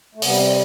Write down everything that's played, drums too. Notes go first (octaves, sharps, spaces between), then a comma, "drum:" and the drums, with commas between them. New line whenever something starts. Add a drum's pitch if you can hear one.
A3
C3 G3 B3, drum: open hi-hat
C4